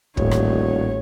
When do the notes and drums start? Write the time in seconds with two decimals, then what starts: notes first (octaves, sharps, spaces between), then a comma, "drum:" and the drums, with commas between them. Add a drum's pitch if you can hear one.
0.17 D#1 A1 C#5, drum: kick
0.31 drum: rim click